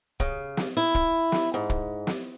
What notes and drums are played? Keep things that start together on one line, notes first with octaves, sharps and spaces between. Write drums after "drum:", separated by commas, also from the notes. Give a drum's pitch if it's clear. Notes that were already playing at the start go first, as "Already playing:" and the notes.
C#3, drum: kick
drum: snare
E4
drum: kick
drum: snare
G#2
drum: kick
drum: snare